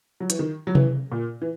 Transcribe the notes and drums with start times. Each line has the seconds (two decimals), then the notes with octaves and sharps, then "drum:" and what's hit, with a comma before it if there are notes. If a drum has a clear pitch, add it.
0.20 F#3
0.30 E3, drum: hi-hat
0.39 D#3
0.67 F#3
0.75 E3, drum: tom C3
1.12 A#2
1.42 E3